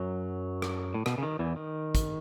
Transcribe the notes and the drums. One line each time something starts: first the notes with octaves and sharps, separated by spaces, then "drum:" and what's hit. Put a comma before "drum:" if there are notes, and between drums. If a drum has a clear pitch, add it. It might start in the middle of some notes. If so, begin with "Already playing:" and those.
Already playing: F#2 F#3
drum: rim click
A2
B2, drum: rim click
C#3
D#3
E2 E3
D#3
drum: kick, hi-hat